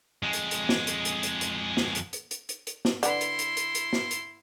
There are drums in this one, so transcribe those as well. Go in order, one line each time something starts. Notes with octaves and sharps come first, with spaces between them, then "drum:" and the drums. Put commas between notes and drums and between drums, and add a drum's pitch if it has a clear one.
F2 G#3
drum: hi-hat
drum: hi-hat
drum: snare
drum: hi-hat
drum: hi-hat
drum: hi-hat
drum: hi-hat
drum: snare
drum: hi-hat
drum: hi-hat
drum: hi-hat
drum: hi-hat
drum: hi-hat
drum: snare
D3 E4 B4 C6, drum: hi-hat
drum: hi-hat
drum: hi-hat
drum: hi-hat
drum: hi-hat
drum: snare
drum: hi-hat